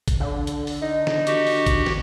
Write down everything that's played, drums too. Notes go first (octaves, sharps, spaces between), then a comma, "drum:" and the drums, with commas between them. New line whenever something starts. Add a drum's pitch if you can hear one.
drum: kick A1, hi-hat
D3
drum: hi-hat
drum: open hi-hat
D#4
drum: snare
F#4 G4, drum: hi-hat
drum: open hi-hat
drum: kick A1, hi-hat
drum: snare